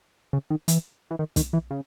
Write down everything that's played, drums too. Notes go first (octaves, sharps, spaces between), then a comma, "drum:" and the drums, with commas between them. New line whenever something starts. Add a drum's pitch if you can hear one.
C#3
D#3
E3, drum: hi-hat
E3
D#3
D#3, drum: kick, hi-hat
E3
C#3